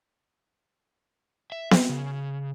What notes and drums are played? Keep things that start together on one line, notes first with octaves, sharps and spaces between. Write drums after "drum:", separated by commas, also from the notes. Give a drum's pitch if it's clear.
E5
C4, drum: snare B3
C#3